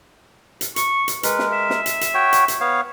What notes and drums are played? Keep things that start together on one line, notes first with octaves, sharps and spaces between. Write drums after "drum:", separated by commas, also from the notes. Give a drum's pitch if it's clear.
drum: hi-hat
C#6, drum: hi-hat
drum: hi-hat
G#3 A#4 B4, drum: hi-hat
drum: snare
E5
drum: snare
drum: hi-hat
drum: hi-hat
F#4 C#5 G5
drum: hi-hat
drum: hi-hat
B3 C#5 F5